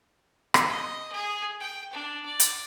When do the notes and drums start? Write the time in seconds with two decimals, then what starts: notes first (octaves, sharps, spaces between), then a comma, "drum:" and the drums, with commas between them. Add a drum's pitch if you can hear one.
0.54 drum: rim click
0.69 D#5
1.13 G#4
1.60 G5
1.93 D4
2.25 D5
2.40 drum: hi-hat